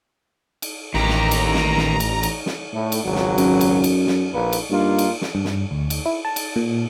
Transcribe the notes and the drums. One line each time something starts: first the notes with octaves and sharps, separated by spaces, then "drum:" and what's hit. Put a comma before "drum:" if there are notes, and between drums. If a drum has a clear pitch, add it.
drum: cymbal
A1 D#3 G4 A#5
drum: snare
drum: cymbal
drum: snare
drum: snare
drum: cymbal
drum: cymbal
drum: snare
A2
drum: cymbal
G#1 C#2 F#3
drum: snare
F#2, drum: cymbal
drum: cymbal
drum: cymbal
drum: snare
A#1 A#3 B4
drum: cymbal
G2 A#3 D#4 F4
drum: cymbal
drum: snare
G2
drum: snare
D2
drum: cymbal
E4
A5
drum: cymbal
A#2